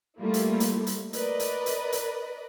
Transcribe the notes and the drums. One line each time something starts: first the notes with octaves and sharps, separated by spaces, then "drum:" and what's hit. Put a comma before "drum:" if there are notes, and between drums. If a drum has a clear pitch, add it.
G3 A3 A#3 E4 F4
drum: hi-hat
drum: hi-hat
drum: hi-hat
A#4 B4 D5 D#5, drum: hi-hat
drum: hi-hat
drum: hi-hat
drum: hi-hat